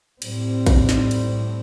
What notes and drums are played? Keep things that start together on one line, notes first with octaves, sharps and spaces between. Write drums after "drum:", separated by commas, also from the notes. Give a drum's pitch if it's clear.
A2 G3 C4, drum: cymbal
drum: kick A#1, cymbal
drum: snare
drum: cymbal